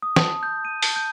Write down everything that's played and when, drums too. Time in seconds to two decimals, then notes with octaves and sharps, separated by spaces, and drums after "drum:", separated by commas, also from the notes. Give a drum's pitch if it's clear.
0.02 D#6
0.16 A5, drum: snare
0.43 G6
0.65 D#7
0.82 A5, drum: open hi-hat
0.96 G6